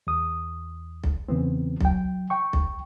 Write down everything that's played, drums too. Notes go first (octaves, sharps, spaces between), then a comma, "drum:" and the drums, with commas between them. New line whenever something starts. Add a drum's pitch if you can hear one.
E2 D#6
drum: kick B1
E2 C#3 E3 B3 C4
F#3 G5, drum: kick B1
G5 C#6
drum: kick B1